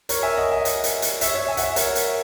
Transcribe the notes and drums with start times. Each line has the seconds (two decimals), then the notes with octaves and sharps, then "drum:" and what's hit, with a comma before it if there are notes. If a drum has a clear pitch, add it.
0.09 A#4 C#5, drum: hi-hat
0.23 E5 G#5
0.37 D#5 F#5
0.51 E5 G#5
0.65 drum: hi-hat
0.84 drum: hi-hat
1.02 drum: hi-hat
1.21 C#5 E5, drum: hi-hat
1.35 C#5 E5
1.48 E5 G#5
1.57 F#5, drum: hi-hat
1.63 C#5 E5
1.76 A#4 C#5, drum: hi-hat
1.95 drum: hi-hat